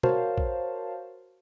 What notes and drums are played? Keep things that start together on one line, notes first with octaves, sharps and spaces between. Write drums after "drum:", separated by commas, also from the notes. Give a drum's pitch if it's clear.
F#4 A#4 C5 C#5 F5 A5, drum: tom
drum: kick